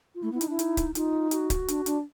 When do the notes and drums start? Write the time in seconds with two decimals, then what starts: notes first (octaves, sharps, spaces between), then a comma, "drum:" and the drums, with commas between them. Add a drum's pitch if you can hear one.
0.15 F4
0.23 A3 E4
0.32 B3
0.35 E4
0.41 D#4, drum: hi-hat
0.47 D4 E4
0.59 D#4, drum: hi-hat
0.77 drum: kick C#1, hi-hat
0.95 D#4 F4, drum: hi-hat
1.31 F#4, drum: hi-hat
1.50 drum: kick C#1, hi-hat
1.68 D4, drum: hi-hat
1.86 D4, drum: hi-hat